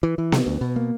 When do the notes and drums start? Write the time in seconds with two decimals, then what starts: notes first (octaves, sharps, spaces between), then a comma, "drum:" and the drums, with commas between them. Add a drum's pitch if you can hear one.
0.03 E3
0.18 E3
0.32 C3, drum: snare B3
0.47 D2
0.61 B2
0.76 A#3